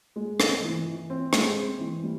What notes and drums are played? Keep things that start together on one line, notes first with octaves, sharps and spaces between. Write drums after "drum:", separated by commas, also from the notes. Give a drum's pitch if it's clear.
G#3
C4, drum: rim click
E3
E3
C4
G#3, drum: rim click
C4
E3
G3